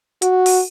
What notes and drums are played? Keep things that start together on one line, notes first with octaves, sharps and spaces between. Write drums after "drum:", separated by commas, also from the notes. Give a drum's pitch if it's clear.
F#4, drum: hi-hat
drum: open hi-hat